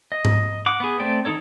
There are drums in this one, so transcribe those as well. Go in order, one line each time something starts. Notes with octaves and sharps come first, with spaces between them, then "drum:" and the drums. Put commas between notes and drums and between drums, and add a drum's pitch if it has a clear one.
D#5
drum: tom G#2
F#5 D6
B3 G#4
A3 C4 D5 G5
D#3 B3 D#4 A4 C#5